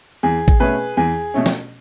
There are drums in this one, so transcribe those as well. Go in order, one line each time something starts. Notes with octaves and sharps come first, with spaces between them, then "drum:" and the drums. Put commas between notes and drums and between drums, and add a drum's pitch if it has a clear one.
E2 G#4
drum: kick A1
B2 A3 C#4 G#4 B4
E2 G#4
B2 A3 C#4
drum: snare